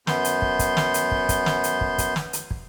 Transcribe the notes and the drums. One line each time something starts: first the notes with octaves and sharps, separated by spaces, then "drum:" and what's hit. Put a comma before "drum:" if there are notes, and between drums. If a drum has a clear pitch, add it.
F#2 B3 C6 G6, drum: snare
drum: hi-hat
drum: kick
drum: kick, hi-hat
drum: snare
drum: hi-hat
drum: kick
drum: kick, hi-hat
drum: snare
drum: hi-hat
drum: kick
drum: kick, hi-hat
drum: snare
drum: hi-hat
drum: kick